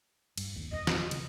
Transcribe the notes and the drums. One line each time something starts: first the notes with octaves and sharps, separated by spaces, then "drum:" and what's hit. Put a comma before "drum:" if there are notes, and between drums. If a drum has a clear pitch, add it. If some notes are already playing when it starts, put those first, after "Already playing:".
G2, drum: cymbal
D1 G#1 D#2
G1 E2 D#5
drum: snare
C#3 E3, drum: cymbal